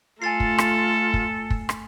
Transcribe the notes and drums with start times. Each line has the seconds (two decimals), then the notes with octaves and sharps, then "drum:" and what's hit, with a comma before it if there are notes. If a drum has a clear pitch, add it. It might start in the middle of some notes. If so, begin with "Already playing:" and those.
0.22 A3 F4 A4 G#5 A6 C7
0.40 drum: kick
0.58 drum: rim click
1.14 drum: kick
1.50 drum: kick
1.69 drum: rim click